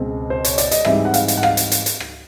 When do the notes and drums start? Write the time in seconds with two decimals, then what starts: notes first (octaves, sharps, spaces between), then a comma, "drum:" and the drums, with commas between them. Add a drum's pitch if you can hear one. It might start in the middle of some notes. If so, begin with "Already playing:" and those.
Already playing: C#2 B2 G#3 C4
0.30 C5
0.45 C#5, drum: hi-hat
0.58 D5, drum: hi-hat
0.71 D#5, drum: hi-hat
0.85 G#2 E3 G3 C4 E5, drum: rim click
1.05 F#5
1.14 F5, drum: hi-hat
1.28 drum: hi-hat
1.37 F#5
1.43 F5, drum: rim click
1.57 drum: hi-hat
1.72 drum: hi-hat
1.86 drum: hi-hat
2.00 drum: rim click